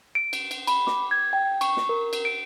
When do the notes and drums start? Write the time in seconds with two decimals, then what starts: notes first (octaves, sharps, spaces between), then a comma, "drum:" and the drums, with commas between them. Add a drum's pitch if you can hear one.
0.15 D7
0.33 drum: cymbal
0.51 drum: cymbal
0.67 B5, drum: cymbal
0.87 D6, drum: snare
1.11 G#6
1.33 G5
1.61 C#6, drum: cymbal
1.77 drum: snare
1.89 A#4
2.13 drum: cymbal
2.25 D7